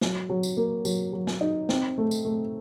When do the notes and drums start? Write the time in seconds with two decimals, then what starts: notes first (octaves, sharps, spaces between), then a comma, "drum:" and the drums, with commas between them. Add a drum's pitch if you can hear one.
0.01 F#3, drum: snare
0.30 F#3
0.43 drum: tambourine
0.57 A#3
0.85 F#3, drum: tambourine
1.13 F#3
1.27 drum: snare
1.41 D#4
1.69 C4, drum: snare
1.98 A3
2.11 drum: tambourine
2.25 A3